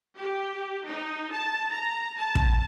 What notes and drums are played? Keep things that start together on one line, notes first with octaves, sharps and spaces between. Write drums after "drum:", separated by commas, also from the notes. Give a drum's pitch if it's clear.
G4
D#4
A5
A#5
A5
drum: kick